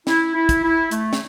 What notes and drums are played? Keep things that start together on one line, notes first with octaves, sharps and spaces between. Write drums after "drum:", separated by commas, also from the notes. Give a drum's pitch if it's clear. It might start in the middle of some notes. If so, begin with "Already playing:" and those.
E4, drum: snare
E4
drum: kick, hi-hat
E4
A3, drum: hi-hat
drum: snare